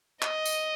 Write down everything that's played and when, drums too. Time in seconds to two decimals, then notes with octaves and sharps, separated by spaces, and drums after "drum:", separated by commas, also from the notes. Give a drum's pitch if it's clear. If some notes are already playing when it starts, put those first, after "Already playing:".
0.22 D#5, drum: clap
0.45 drum: tambourine